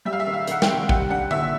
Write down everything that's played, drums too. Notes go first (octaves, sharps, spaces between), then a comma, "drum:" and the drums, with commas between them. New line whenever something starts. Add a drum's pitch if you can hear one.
G3 E5
F5
E5
D#3
F5
D#3 F#5, drum: hi-hat
G5, drum: snare
C4
G3 F#5, drum: kick
D4 F#5
A#2 E5, drum: tom D3